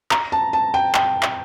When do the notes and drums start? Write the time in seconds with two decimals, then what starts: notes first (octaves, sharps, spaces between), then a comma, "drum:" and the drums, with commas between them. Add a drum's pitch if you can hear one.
0.11 A#5, drum: clap
0.32 A5
0.53 A5
0.74 G5
0.95 G5, drum: clap
1.23 drum: clap